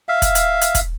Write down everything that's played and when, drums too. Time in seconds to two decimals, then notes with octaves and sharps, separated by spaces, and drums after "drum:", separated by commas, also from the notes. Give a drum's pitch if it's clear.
0.09 E5 F5
0.22 drum: kick, hi-hat
0.35 drum: hi-hat
0.61 drum: hi-hat
0.75 drum: kick, hi-hat